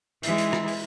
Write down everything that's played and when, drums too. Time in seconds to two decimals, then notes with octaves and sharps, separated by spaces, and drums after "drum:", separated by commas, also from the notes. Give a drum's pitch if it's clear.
0.23 E3 G#3, drum: hi-hat
0.38 drum: hi-hat
0.53 drum: rim click
0.68 drum: open hi-hat